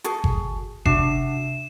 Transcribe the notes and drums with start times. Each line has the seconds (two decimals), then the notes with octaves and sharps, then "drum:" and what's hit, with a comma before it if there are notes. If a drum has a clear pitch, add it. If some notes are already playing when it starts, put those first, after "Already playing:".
0.04 F#4 G#4 A4, drum: hi-hat
0.24 drum: kick G1
0.86 C3 D4 F#4 E5 C7 E7, drum: kick G1